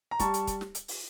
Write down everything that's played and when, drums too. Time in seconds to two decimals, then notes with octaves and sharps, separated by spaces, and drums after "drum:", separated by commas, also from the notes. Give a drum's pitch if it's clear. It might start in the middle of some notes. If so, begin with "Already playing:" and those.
0.11 A#5
0.19 G3 A5 C#6, drum: kick, hi-hat
0.34 drum: hi-hat
0.47 drum: kick, hi-hat
0.61 drum: snare
0.75 drum: hi-hat
0.88 drum: open hi-hat